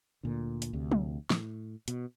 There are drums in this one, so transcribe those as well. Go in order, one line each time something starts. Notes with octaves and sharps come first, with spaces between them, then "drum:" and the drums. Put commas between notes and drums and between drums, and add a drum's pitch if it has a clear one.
D2 A#2 D3
drum: hi-hat
D2 C3
drum: tom
A2, drum: snare
B2, drum: hi-hat